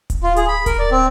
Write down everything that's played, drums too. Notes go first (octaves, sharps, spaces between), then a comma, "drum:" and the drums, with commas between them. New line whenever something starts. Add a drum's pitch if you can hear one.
drum: kick D1, hi-hat
F4
G#4, drum: hi-hat
B5
A#4, drum: kick D1, hi-hat
D5
C4